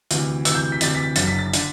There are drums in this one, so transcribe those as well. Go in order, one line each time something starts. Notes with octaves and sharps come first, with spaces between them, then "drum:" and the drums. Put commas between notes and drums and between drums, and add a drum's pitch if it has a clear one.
D2 C3 E3, drum: hi-hat
D2 C3 E3 E6, drum: hi-hat
G6
B6
D2 C3 E3 A6, drum: hi-hat
B6
F#1 F#2 D3 A6, drum: hi-hat
B6
A6
D3, drum: hi-hat